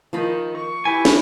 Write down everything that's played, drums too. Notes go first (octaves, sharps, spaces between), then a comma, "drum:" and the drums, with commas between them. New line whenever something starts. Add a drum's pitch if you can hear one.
D#3 F3 B5
C#6
E4 G4 B4 G#5
drum: snare